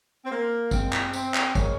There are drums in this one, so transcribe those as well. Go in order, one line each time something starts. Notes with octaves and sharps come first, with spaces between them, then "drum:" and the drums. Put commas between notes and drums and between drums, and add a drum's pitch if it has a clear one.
C4
A#3
A#2 G#3 C4, drum: kick, tambourine
drum: clap
C4, drum: tambourine
drum: clap
A#2 G#3 C#4, drum: kick, tambourine